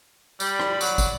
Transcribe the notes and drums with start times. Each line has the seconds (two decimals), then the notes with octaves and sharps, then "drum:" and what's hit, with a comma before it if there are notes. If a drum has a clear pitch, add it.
0.40 G3 D5 B5, drum: tambourine
0.59 drum: rim click
0.81 F#3, drum: tambourine
0.98 drum: kick, tambourine